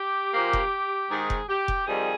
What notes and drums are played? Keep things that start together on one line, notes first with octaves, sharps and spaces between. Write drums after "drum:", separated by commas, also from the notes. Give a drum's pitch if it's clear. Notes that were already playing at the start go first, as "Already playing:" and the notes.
Already playing: G4
A#2 F3 A#3
drum: kick F1
G#2 D#3 G#3 G#4
drum: kick F1
G4
drum: kick F1
F2 C3 D#3 G3 G#4